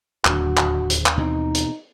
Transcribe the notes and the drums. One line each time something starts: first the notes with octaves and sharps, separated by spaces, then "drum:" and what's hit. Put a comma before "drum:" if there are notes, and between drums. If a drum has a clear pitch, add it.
D1 D#2 D4 F#4, drum: clap
drum: clap
drum: hi-hat
drum: clap
B2 E3 C4 D#4
drum: hi-hat